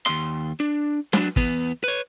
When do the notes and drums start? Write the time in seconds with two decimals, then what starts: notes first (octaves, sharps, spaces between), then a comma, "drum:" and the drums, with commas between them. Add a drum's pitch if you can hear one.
0.06 D#2 C6, drum: rim click
0.60 D4
1.13 F#3 D4, drum: snare
1.36 E2 B3, drum: kick
1.84 B4 C#5